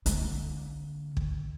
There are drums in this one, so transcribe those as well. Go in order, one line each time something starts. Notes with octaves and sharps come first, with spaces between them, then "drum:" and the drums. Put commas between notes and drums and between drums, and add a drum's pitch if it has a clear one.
D3 A#3, drum: hi-hat
drum: kick